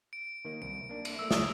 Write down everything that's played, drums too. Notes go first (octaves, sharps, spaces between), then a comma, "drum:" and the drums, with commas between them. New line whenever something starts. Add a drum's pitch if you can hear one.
D7
D#3 A#3 D#5
C2 D7
A#3 D4
drum: cymbal
A3 A#3 A4 E6
C#3 D#6 E6, drum: snare